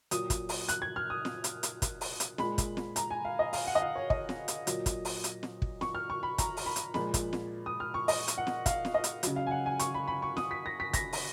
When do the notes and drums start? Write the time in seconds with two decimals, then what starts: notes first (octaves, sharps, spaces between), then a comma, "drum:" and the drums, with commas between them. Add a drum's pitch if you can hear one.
0.11 A#2 F#3 D#6, drum: hi-hat
0.30 drum: kick, hi-hat
0.49 drum: open hi-hat
0.68 F#6, drum: hi-hat
0.82 G#6
0.96 F6
1.10 D#6
1.25 drum: snare
1.44 drum: hi-hat
1.63 drum: hi-hat
1.82 drum: kick, hi-hat
2.01 drum: open hi-hat
2.20 drum: hi-hat
2.38 A#2 G#3 B5, drum: snare
2.58 drum: kick, hi-hat
2.77 drum: snare
2.96 A#5, drum: hi-hat
3.11 G#5
3.25 F5
3.39 D#5
3.53 F5, drum: open hi-hat
3.67 F#5
3.75 D#5
3.82 F5
3.96 C#5
4.10 D#5, drum: kick
4.29 drum: snare
4.48 drum: hi-hat
4.67 A#2 F#3, drum: hi-hat
4.86 drum: kick, hi-hat
5.05 drum: open hi-hat
5.24 drum: hi-hat
5.43 drum: snare
5.62 drum: kick
5.81 C#6, drum: snare
5.95 F6
6.10 C#6
6.23 B5
6.38 A#5, drum: kick, hi-hat
6.57 drum: open hi-hat
6.66 B5
6.76 drum: hi-hat
6.94 A#2 F3 G#3 B5, drum: snare
7.14 drum: kick, hi-hat
7.33 drum: snare
7.66 D#6
7.80 F6
7.94 C#6
8.08 D#5, drum: open hi-hat
8.28 drum: hi-hat
8.38 F#5
8.47 drum: snare
8.66 F5, drum: kick, hi-hat
8.85 drum: snare
8.94 D#5
9.04 drum: hi-hat
9.23 C#3 F#3, drum: hi-hat
9.36 F5
9.47 G#5
9.51 F#5
9.66 G#5
9.79 C#6, drum: hi-hat
9.94 B5
10.08 B5
10.22 C#6
10.37 D#6, drum: snare
10.51 B6
10.66 A#6
10.80 B6
10.93 A#6, drum: kick, hi-hat
11.13 drum: open hi-hat